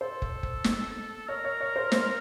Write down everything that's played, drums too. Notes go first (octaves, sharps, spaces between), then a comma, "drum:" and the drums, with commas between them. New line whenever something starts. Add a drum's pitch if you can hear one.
A4 C5
drum: kick
drum: kick
drum: snare
A#4 C#5
C#5
C#5
C5
C5, drum: snare